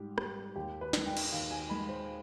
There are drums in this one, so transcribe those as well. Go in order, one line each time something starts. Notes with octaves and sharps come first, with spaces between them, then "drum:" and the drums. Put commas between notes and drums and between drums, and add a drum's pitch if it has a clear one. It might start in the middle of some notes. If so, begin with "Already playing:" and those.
Already playing: G#2 G3 G4
G3, drum: rim click
D#2 G4
B4
D#3 G#3, drum: snare
G5
drum: cymbal
D#2 F5
G#5
D#3 G#3 B5
C5